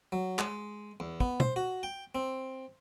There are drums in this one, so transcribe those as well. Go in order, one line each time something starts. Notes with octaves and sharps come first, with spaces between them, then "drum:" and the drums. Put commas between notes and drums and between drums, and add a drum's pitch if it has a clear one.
F#3
G#3, drum: clap
E2
B3, drum: kick
C5, drum: tom
F#4
G5
C4